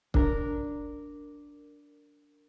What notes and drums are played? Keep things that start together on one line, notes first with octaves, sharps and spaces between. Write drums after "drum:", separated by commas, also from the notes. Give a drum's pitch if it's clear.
D4 A#4, drum: kick C#1